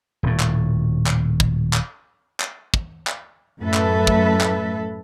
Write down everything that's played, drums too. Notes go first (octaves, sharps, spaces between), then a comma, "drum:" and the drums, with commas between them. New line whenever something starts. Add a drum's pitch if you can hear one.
D#1 A2
drum: clap
drum: clap
drum: kick
drum: clap
drum: clap
drum: kick
drum: clap
F#2 A2 A3 A4 B4 E5
drum: clap
drum: kick
drum: clap